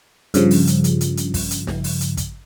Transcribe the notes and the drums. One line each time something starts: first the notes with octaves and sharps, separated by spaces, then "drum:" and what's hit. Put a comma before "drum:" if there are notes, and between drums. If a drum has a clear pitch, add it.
G2 C#3 F3, drum: hi-hat
drum: open hi-hat
drum: hi-hat
drum: hi-hat
drum: hi-hat
drum: hi-hat
drum: kick, open hi-hat
drum: hi-hat
drum: snare
drum: open hi-hat
drum: hi-hat
drum: kick, hi-hat